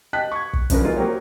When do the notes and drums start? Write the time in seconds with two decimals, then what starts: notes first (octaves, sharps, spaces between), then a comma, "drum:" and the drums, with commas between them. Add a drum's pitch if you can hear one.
0.13 D#5 G5 A5 F#6 B6
0.32 C#6 G#6
0.53 drum: kick
0.70 C#3 F3 C#4 D4 A#4 B4, drum: kick, hi-hat
0.82 D#3 F#3 G#3 B3 F4 A#4
0.96 F#3 A#3 C4 G4 C#5